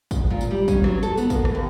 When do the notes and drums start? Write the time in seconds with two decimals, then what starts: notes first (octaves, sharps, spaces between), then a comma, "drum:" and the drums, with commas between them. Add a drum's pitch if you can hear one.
0.11 drum: kick, tambourine
0.30 A#2
0.41 drum: tambourine
0.51 G3
0.68 C#4, drum: kick, tambourine
0.84 F#3, drum: rim click
1.03 A4, drum: tambourine
1.17 B3, drum: tambourine
1.30 A#3, drum: kick, tambourine
1.45 drum: rim click
1.55 D#2